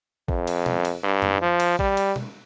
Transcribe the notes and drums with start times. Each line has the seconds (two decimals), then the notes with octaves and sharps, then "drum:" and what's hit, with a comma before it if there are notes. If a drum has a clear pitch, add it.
0.28 F2, drum: kick
0.47 drum: cymbal
0.66 drum: tom
0.85 drum: cymbal
1.03 G2
1.22 drum: tom F2
1.41 F3
1.60 drum: cymbal
1.79 G3, drum: kick
1.97 drum: cymbal
2.16 drum: tom